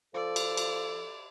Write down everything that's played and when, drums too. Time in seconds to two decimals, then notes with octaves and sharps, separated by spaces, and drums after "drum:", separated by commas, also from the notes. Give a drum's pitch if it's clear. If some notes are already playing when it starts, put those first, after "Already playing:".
0.15 F3 A4 D5
0.36 drum: cymbal
0.57 drum: cymbal